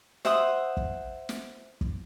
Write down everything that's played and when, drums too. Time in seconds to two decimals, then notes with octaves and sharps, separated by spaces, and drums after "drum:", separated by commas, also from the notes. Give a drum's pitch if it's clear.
0.25 C5 E5 F#5 D#6, drum: snare
0.77 drum: kick
1.29 drum: snare
1.81 drum: kick